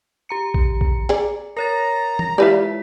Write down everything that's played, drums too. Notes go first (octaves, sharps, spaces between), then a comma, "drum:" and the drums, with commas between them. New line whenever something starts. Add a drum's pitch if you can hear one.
G4 A#5 C#7
drum: kick A#1
drum: kick A#1
G#4 D5, drum: hi-hat
A#4 C#5 A#5 A6
drum: tom E3
G#3 E4 F4 G4 B4 D5 E5 B6